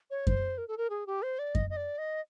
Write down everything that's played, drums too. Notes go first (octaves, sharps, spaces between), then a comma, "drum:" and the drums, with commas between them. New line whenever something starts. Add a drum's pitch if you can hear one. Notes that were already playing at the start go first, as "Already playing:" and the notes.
C#5
C5, drum: kick F#2
A#4
A4
A#4
G#4
G4
C5
D5
D#5, drum: kick F#2
D#5
D5
D#5